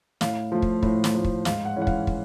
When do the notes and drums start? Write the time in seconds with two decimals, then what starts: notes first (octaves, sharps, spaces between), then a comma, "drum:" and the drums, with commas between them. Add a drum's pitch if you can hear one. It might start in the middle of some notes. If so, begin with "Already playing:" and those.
0.21 A2 F5, drum: snare
0.52 F3 A3
0.62 drum: kick
0.83 A2, drum: kick
1.04 drum: snare
1.15 F3 A3
1.24 drum: kick
1.45 G#2 F5, drum: snare
1.65 F#5
1.76 E3 G#3 C#4
1.82 F#5
1.87 F5, drum: kick
2.07 drum: kick